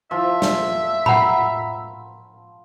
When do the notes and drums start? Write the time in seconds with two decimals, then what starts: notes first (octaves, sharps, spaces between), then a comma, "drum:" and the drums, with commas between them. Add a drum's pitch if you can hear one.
0.11 F3 E5
0.42 drum: snare
1.06 F#5 A#5 B5, drum: tom A2